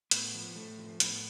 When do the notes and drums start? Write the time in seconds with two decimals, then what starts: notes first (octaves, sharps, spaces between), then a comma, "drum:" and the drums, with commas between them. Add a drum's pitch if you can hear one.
0.11 A2 B3, drum: hi-hat
0.34 F3
0.56 A2 A3
0.78 F3
1.00 A2 B3, drum: hi-hat